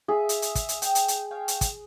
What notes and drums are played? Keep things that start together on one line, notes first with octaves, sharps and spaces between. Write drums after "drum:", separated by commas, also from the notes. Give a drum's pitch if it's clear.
G#4 E5
drum: hi-hat
drum: hi-hat
drum: kick, hi-hat
drum: hi-hat
D#5 G5, drum: hi-hat
drum: hi-hat
drum: hi-hat
C#5 F5 G5
drum: hi-hat
drum: kick, hi-hat